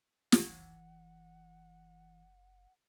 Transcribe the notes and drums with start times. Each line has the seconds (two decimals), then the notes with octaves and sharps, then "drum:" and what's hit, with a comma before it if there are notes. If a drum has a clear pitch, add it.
0.32 F#1 E3 F#5, drum: snare